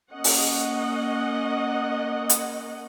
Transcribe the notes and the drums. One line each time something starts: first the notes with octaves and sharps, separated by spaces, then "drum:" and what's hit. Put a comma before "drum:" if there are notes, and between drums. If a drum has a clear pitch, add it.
A#3 C#4 D#5 F#5
drum: open hi-hat
drum: hi-hat